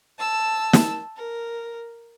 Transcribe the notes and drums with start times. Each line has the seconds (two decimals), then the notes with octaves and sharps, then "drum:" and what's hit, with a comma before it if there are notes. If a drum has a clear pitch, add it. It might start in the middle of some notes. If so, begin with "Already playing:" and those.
0.18 A5 E6
0.73 drum: snare
1.17 A#4